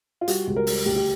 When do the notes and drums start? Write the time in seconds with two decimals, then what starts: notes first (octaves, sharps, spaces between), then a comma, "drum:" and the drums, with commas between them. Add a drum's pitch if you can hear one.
0.21 F4
0.28 G3 F#4, drum: hi-hat
0.47 C#2
0.56 A#4
0.67 G3, drum: open hi-hat
0.86 D2 G4
0.96 G4